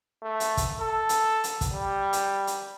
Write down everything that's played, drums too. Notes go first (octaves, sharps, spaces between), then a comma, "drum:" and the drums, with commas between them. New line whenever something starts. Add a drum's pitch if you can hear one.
A3
drum: hi-hat
drum: kick, hi-hat
A4
drum: hi-hat
drum: hi-hat
drum: kick, hi-hat
G3
drum: hi-hat
drum: hi-hat